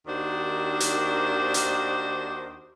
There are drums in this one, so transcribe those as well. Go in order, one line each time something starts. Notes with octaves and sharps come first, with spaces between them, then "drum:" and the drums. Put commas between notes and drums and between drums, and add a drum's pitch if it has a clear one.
D#2 D#3 D4 F#4 C5
drum: hi-hat
drum: hi-hat